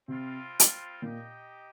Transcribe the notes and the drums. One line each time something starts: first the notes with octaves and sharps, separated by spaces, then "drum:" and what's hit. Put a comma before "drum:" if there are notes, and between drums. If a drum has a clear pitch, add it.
C3 G3 C4 F4
drum: hi-hat
A#2 D#4 G4 D#5 G5